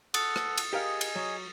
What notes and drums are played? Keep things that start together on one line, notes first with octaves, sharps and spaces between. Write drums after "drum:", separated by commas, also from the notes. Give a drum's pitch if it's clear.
A4 F#5 D#6 A6 C#7, drum: cymbal
drum: rim click
drum: cymbal
G4 G#4 A#4 D#5 F5
drum: cymbal
F#3